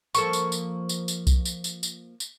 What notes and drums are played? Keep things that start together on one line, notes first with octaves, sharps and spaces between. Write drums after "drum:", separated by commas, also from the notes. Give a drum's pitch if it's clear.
F3 A#3 A4 C#6, drum: tambourine
drum: tambourine
drum: tambourine
drum: tambourine
drum: tambourine
drum: kick B1, tambourine
drum: tambourine
drum: tambourine
drum: tambourine
drum: tambourine